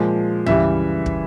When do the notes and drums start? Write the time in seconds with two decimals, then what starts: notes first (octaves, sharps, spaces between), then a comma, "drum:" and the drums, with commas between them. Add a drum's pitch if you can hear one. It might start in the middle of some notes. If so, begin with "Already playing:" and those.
Already playing: A#2 F3 G#3
0.46 C#3 E3 G3 E5, drum: tom
1.06 drum: kick